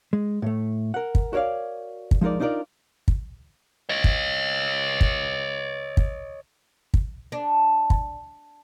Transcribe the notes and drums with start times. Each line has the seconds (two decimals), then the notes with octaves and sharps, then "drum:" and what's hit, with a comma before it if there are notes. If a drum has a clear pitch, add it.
0.13 G#3
0.42 A2 A3
0.94 A#4 F#5
1.15 drum: kick
1.33 F#4 A#4 C#5 D5 F5
2.11 drum: kick
2.21 F3 G#3 D#4 A#4 D5
2.40 D4 D#4 F4 G#4 A#4 D5
3.08 drum: kick
3.89 C#5 D#5
4.04 drum: kick
5.01 drum: kick
5.97 drum: kick
6.94 drum: kick
7.32 D4
7.90 drum: kick